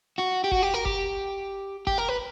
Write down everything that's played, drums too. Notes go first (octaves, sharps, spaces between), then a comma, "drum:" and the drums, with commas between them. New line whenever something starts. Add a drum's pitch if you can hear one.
F#4
G4
F#4, drum: kick F#1
G4
A#4
G4, drum: kick F#1
G4, drum: kick F#1
A#4
B4